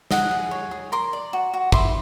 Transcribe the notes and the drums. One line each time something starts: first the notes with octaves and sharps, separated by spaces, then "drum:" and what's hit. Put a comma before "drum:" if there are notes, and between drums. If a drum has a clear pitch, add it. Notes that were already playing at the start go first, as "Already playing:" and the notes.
D#5 F#5 G#5, drum: snare
G#4
C#5
G#4
A#4 C6 D6
D5
F#4
F#4
E4 C6 D6, drum: kick